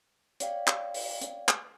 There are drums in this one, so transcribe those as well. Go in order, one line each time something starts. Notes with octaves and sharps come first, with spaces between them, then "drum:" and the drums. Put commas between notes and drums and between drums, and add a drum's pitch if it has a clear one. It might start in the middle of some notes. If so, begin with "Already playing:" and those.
C#5 D5 F5 G5, drum: hi-hat
drum: clap
drum: open hi-hat
drum: hi-hat
drum: clap